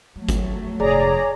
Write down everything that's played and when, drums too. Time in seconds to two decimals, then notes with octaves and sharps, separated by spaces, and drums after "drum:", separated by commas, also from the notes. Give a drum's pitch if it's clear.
0.16 F#3 G3 A3
0.29 drum: kick G1, hi-hat
0.80 F1 G#2 G#4 C#5 D5 A#5